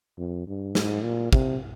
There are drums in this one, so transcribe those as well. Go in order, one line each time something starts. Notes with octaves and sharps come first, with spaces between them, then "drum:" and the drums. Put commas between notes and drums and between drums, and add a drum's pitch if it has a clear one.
F2
G2
G#2, drum: snare
A#2
C3, drum: kick